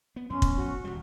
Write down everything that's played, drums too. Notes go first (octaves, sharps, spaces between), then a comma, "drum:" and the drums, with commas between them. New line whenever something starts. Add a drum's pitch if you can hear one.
B3
F2 B3 C#4 C6
drum: kick
F#4
D#1 A#1 G3